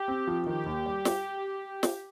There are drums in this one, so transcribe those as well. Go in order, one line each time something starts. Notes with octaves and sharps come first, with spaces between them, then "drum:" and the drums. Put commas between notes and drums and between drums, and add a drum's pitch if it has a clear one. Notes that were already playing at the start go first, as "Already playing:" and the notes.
Already playing: G4
C4
F3
D#3 G4
D#2
G3
drum: snare
drum: snare